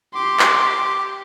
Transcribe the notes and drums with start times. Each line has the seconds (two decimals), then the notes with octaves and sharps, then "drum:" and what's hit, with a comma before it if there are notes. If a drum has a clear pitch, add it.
0.15 G4 C6 D6
0.39 drum: clap